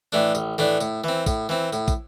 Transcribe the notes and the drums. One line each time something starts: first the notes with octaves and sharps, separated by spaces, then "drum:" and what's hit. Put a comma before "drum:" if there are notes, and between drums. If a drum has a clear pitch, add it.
A2 E3 A3 D4
A1, drum: tambourine
A2 E3 A3 D4
A2, drum: tambourine
E3 C4
A2, drum: kick, tambourine
E3 C4
A2, drum: tambourine
drum: kick, tambourine